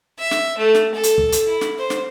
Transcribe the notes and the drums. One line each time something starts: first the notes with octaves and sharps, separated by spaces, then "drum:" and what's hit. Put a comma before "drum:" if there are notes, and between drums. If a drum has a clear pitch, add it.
E5
drum: snare
A3
drum: snare
A4
drum: hi-hat
drum: kick
drum: hi-hat
E4
drum: snare
C5
drum: snare